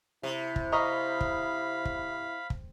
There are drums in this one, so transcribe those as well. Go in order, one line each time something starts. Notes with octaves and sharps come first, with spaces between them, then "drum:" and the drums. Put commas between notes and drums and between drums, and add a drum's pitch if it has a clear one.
C3 E4
drum: kick
D#5 F5 A#5 B5 C#6
drum: kick
drum: kick
drum: kick